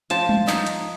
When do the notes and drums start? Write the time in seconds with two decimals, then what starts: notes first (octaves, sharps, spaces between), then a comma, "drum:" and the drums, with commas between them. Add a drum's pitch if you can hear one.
0.10 F3 A5, drum: hi-hat
0.29 drum: tom G3
0.47 D#4, drum: clap
0.66 drum: hi-hat